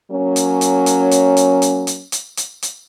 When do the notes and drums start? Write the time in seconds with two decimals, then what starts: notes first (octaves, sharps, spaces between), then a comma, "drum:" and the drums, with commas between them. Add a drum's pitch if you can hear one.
0.11 F#3 A#3 C#4
0.36 drum: hi-hat
0.61 drum: hi-hat
0.86 drum: hi-hat
1.11 drum: hi-hat
1.37 drum: hi-hat
1.62 drum: hi-hat
1.87 drum: hi-hat
2.12 drum: hi-hat
2.37 drum: hi-hat
2.62 drum: hi-hat